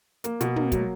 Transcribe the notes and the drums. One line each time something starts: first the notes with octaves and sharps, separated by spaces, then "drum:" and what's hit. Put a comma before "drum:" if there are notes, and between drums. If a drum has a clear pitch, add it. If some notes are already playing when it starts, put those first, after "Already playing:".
A#3, drum: hi-hat
B2, drum: hi-hat
A#3, drum: tom
F#3, drum: kick, hi-hat